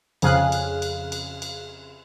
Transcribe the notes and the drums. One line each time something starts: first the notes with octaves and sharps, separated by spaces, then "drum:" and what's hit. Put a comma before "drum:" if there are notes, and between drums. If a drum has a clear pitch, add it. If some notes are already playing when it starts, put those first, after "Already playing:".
F2 C#3 G#4 F5 F#6, drum: cymbal
drum: cymbal
drum: cymbal
drum: cymbal
drum: cymbal